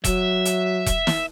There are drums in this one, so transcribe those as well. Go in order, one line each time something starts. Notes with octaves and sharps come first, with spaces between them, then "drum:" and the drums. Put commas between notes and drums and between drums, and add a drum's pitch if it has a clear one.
F#3 E5, drum: kick E1, hi-hat
drum: hi-hat
drum: kick E1, hi-hat
drum: snare